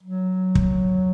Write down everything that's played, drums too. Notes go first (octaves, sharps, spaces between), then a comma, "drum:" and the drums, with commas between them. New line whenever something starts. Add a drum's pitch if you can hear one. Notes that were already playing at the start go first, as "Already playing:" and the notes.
F#3
drum: kick